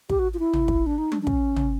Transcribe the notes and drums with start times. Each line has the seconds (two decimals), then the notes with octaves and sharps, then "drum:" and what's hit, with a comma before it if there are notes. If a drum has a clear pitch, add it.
0.10 G4, drum: kick
0.19 F#4
0.34 F4
0.39 E4
0.53 drum: tom
0.68 drum: kick
0.86 D4
0.98 D#4
1.12 D4, drum: tom
1.22 D4
1.27 C#4, drum: kick
1.56 drum: tom